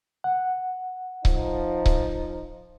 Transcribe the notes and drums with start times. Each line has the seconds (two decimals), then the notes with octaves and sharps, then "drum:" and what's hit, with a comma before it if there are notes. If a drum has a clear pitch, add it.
0.24 F#5
1.25 F3 D#4, drum: kick C#1
1.86 drum: kick C#1